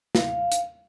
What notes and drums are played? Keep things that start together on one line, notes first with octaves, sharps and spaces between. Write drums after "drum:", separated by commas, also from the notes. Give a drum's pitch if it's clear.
F5, drum: snare
drum: hi-hat